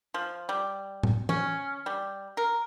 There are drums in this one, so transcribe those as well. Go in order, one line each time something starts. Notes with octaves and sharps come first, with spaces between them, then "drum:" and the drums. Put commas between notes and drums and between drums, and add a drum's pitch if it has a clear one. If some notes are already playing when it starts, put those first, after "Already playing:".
F3
G3
drum: tom A2
C#4, drum: tom
G3
A#4